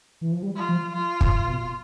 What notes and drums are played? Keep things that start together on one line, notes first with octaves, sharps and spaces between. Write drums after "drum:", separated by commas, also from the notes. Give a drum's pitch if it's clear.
E3
F3
G3
F4
F3
F4
F3, drum: kick
A2
B2